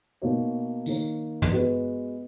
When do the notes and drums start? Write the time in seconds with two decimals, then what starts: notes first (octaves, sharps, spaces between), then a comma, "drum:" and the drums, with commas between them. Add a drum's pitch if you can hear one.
0.22 B2 A#3 D#4 F#4 C#5
0.86 D#3 A#3 D#4 A#4 C#5, drum: tambourine
1.42 drum: tom
1.51 G#3 B3 F#4 B4 D#5